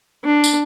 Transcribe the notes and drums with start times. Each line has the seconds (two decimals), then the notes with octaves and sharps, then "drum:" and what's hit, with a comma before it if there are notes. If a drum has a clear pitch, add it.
0.24 D4
0.44 drum: tambourine